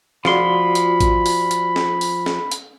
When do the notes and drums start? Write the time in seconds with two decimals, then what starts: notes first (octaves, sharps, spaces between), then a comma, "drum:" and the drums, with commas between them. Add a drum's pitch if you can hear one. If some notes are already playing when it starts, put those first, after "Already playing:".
0.25 F3 F4 F#4 D5 B5 C6, drum: snare
0.75 drum: hi-hat
1.01 drum: kick A1, hi-hat
1.26 drum: open hi-hat
1.51 drum: hi-hat
1.76 drum: snare
2.01 drum: open hi-hat
2.26 drum: snare
2.52 drum: hi-hat